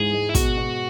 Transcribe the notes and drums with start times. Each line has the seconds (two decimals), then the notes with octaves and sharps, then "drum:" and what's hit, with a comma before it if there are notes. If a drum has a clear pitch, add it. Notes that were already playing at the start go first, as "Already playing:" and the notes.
Already playing: G#2 E3 G#3 G#4
0.13 G#3
0.29 E4
0.35 B2 F#4, drum: kick, hi-hat
0.57 B2